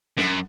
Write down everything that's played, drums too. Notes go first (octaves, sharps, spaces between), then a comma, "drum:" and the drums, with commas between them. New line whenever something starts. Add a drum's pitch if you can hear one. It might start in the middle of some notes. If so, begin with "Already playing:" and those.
F#2, drum: snare